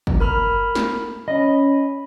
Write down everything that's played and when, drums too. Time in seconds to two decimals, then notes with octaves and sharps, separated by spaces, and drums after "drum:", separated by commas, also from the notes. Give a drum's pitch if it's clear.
0.07 drum: kick
0.20 A#4 B5 F6
0.75 drum: snare
1.28 C#4 D#5 B5